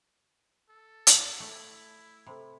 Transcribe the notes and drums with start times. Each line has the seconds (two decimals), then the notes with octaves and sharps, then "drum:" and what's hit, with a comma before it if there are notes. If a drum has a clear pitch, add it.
0.69 A4
1.07 drum: hi-hat
1.40 A3 E4
2.26 C3 A4 C5 B5